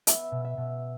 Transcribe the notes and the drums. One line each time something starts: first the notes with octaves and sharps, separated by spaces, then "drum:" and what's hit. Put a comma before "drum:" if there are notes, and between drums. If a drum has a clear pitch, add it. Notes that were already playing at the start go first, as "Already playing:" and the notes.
B3 E5, drum: hi-hat
B2
E5
B2